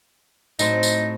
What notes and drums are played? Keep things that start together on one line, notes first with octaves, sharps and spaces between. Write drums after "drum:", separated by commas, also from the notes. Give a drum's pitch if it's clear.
A2 F#3 C4 D#4, drum: tambourine
drum: tambourine